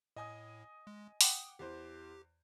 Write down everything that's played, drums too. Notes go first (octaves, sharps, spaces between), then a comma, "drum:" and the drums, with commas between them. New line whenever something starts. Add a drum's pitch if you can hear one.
A2 D#5 G#5 D#6
G#3
F#5 G5 D6 D#6, drum: open hi-hat
E2 E3 G4 C5